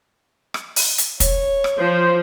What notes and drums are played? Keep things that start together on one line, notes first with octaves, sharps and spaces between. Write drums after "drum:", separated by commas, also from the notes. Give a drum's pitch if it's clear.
drum: rim click
drum: open hi-hat
drum: hi-hat
C#5, drum: kick, hi-hat
drum: rim click
F3 C5